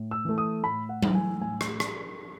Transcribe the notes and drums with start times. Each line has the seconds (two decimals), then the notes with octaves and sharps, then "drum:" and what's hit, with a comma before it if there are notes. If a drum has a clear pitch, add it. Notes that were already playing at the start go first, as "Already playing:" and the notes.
Already playing: A2
0.11 E6
0.25 E3 A3
0.38 D#6
0.63 A2 B5
0.89 F#5
1.03 E3 A3, drum: tom F#3
1.15 G#5
1.41 A2 G#5
1.61 drum: rim click
1.80 drum: rim click